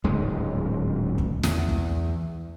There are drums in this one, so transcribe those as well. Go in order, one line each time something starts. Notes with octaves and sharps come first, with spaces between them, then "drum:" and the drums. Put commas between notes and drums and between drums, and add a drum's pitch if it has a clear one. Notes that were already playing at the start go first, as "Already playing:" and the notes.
D1 C#2 G#2 G#3
drum: kick
E2, drum: snare
drum: kick